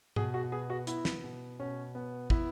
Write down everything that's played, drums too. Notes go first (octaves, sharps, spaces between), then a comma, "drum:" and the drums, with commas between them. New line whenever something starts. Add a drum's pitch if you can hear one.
B2 G#4, drum: tom
F#4
B3 G#4
F#4
B3 E4, drum: hi-hat
drum: snare
B2
B2 C#4
B3
B3 E4, drum: kick